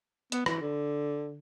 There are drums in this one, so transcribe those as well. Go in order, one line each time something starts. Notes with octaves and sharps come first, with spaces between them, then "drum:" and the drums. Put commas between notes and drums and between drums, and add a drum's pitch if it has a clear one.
B3, drum: hi-hat
E3, drum: rim click
D3